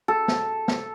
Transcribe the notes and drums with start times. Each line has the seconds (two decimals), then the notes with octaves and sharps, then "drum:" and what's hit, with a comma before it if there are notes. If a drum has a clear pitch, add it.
0.08 A4
0.28 drum: snare
0.68 drum: snare